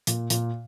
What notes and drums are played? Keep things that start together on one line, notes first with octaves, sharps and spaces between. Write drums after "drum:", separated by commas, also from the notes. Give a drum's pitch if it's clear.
A#2, drum: hi-hat
A#2, drum: hi-hat